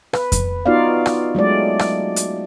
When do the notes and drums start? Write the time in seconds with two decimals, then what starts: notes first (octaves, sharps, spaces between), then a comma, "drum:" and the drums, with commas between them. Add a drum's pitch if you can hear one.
0.13 B4, drum: rim click
0.32 drum: kick F2, hi-hat
0.66 B3 D#4 F4 F#4 D5 F5
1.06 drum: rim click
1.35 F#3 G#3 A3 D5
1.79 drum: rim click
2.16 drum: hi-hat